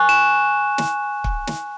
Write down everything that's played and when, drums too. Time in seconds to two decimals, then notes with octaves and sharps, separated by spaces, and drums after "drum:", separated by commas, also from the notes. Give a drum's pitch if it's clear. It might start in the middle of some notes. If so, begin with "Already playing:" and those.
Already playing: G#5 C#6 F#6
0.09 E7
0.78 drum: snare
1.24 drum: kick
1.47 drum: snare